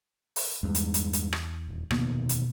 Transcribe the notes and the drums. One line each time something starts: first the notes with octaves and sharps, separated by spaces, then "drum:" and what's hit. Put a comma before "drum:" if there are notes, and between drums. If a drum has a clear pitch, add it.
drum: open hi-hat
E2 G2 G#3
drum: hi-hat
drum: hi-hat
drum: hi-hat
drum: rim click
D#1
F1 D#2 B2 A#3 B3, drum: rim click
drum: hi-hat